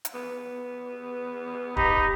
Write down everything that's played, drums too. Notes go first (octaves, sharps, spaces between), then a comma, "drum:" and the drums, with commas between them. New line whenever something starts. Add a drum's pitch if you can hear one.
drum: hi-hat
B3
D#4 G4 B5, drum: kick